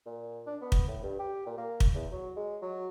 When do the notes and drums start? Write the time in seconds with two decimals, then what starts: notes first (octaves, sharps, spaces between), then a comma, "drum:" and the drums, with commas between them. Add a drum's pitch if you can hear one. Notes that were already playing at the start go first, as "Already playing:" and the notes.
0.06 A#2
0.47 D4
0.61 B3
0.72 drum: kick
0.88 A2
1.03 G2
1.19 G4
1.46 A#2
1.58 A#3
1.80 drum: kick
1.95 E2
2.12 F#3
2.37 G#3
2.62 F#3